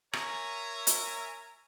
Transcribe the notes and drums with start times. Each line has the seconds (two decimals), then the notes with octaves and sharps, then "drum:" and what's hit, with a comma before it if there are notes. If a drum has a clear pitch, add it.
0.13 A#4 C#5 E5 G#5 A#5, drum: rim click
0.87 drum: hi-hat